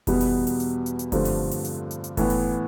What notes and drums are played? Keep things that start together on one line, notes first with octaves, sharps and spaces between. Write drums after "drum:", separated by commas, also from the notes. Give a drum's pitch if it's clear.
E2 B2 G3 B3, drum: kick F#1, open hi-hat
drum: open hi-hat
drum: open hi-hat
drum: hi-hat
drum: hi-hat
drum: hi-hat
G2 D3 F3 A3 C4, drum: kick F#1, open hi-hat
drum: open hi-hat
drum: open hi-hat
drum: hi-hat
drum: hi-hat
drum: hi-hat
A2 E3 B3, drum: kick F#1, open hi-hat
drum: open hi-hat